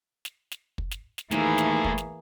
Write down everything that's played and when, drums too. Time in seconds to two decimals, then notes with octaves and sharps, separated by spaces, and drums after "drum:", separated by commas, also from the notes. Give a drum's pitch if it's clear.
0.25 drum: snare
0.52 drum: snare
0.78 drum: kick
0.91 drum: snare
1.18 drum: snare
1.31 D#2 A2 E3 A#3 G#4, drum: snare
1.58 drum: snare
1.84 drum: kick
1.98 drum: snare